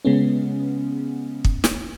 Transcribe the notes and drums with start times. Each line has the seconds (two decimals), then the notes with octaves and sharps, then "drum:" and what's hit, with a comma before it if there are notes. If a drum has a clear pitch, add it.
0.05 C#3 G#3 B3 C#4
1.45 drum: kick
1.64 drum: snare